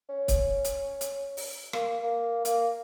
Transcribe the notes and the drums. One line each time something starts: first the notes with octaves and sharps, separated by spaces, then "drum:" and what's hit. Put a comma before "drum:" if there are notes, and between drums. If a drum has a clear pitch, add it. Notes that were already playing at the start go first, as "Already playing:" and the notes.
C#4
drum: kick C#1, hi-hat
drum: hi-hat
drum: hi-hat
drum: open hi-hat
A#3, drum: rim click
A#3
A#3, drum: hi-hat